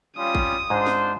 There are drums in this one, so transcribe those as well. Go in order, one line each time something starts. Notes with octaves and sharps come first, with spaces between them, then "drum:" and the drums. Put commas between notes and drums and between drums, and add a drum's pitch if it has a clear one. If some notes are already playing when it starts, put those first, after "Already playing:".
G3 C#4 F4 D#6
drum: kick
G#2 G#3 D4 F4 C5
drum: snare